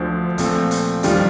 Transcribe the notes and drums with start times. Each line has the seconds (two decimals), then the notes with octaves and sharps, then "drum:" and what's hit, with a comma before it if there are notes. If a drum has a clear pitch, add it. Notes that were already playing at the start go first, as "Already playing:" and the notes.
Already playing: D2 D3 F3
0.38 A#2 F3 A3 C4, drum: hi-hat
0.71 drum: hi-hat
1.03 F2 D#3 G3 D4 F4, drum: hi-hat